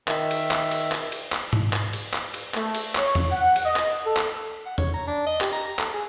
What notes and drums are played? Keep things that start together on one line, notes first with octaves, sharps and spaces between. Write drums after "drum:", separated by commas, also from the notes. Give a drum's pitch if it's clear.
D#3 E5, drum: clap
drum: cymbal
drum: clap
drum: cymbal
drum: clap
drum: cymbal
drum: clap
drum: tom G#2
drum: clap
drum: cymbal
drum: clap
drum: cymbal
A3, drum: clap
drum: cymbal
C#5, drum: clap
drum: tom E2
F#5
drum: cymbal
D#5
drum: clap
A4
drum: clap
F#5
C#5, drum: tom E2
A#5
D4
D#5
G4, drum: clap
A#5
A#5
A4, drum: clap
G#4